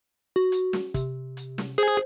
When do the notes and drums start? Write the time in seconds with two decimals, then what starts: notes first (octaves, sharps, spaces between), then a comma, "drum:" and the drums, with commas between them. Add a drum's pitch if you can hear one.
0.36 F#4
0.52 drum: hi-hat
0.73 drum: snare
0.94 C3, drum: kick, hi-hat
1.37 drum: hi-hat
1.58 drum: snare
1.78 G#4 C5, drum: hi-hat